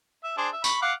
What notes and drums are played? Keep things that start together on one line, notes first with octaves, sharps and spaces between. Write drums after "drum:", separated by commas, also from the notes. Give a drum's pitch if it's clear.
E5
D4 G#4 C5
E5
B5 C#6, drum: tambourine
F5 F#5 D6